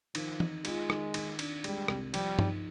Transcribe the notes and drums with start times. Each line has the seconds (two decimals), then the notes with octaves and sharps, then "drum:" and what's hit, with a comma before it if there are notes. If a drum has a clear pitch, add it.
0.15 D#3 F3, drum: cymbal
0.40 D#4, drum: tom
0.65 G#3 F4, drum: cymbal
0.90 D#3, drum: rim click
1.14 D#3, drum: cymbal
1.39 D4, drum: cymbal
1.64 G3 G#3, drum: cymbal
1.88 C2, drum: rim click
2.14 F3 G3, drum: cymbal
2.39 D#4, drum: tom G2